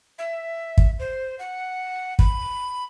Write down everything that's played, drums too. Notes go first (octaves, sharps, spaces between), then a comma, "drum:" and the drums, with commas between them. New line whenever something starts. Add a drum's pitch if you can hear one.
E5
drum: kick
C5
F#5
B5, drum: kick